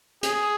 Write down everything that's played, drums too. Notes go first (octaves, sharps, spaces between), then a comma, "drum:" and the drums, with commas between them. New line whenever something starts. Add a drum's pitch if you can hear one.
G#4, drum: hi-hat